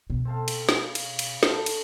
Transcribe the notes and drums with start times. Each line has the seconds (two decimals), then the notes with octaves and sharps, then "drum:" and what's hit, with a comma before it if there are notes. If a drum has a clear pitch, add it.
0.10 B2
0.25 C4 A4 F5
0.48 drum: cymbal
0.69 C#3, drum: snare
0.95 drum: cymbal
1.19 drum: cymbal
1.43 D3, drum: snare
1.66 drum: cymbal